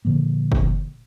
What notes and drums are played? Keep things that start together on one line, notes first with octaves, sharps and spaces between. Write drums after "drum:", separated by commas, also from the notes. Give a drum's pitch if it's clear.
A#2 D3 F3 A#3
drum: kick F#1